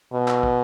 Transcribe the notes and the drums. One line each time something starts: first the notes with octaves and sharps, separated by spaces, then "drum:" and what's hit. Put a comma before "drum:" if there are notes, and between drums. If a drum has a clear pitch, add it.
B2
drum: clap
drum: kick